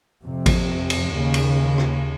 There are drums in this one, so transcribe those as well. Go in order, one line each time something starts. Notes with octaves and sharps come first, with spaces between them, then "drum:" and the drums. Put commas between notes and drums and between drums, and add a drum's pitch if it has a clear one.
F2 C3
drum: kick A1, cymbal
drum: cymbal
D#2 C#3
drum: cymbal
drum: rim click